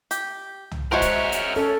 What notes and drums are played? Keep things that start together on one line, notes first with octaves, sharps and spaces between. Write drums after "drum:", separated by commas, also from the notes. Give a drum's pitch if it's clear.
G4, drum: hi-hat
drum: tom
G#3 F#4 A#4 C5 C#5 E5
drum: kick, hi-hat
drum: hi-hat
C#4 A4